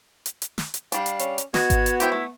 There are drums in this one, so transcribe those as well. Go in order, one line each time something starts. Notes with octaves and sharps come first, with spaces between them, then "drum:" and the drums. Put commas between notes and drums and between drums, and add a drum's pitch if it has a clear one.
drum: hi-hat
drum: hi-hat
drum: snare
drum: hi-hat
G3 D4 F5, drum: hi-hat
drum: hi-hat
C#4, drum: hi-hat
drum: hi-hat
B3 F#4 D#5 G#6, drum: snare
drum: kick G#1, hi-hat
drum: hi-hat
E4 G4 C5 G5, drum: hi-hat
A3